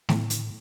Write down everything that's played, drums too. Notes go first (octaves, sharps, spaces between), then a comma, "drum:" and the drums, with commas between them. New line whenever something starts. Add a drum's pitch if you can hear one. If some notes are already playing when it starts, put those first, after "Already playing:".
A2, drum: snare A3
drum: hi-hat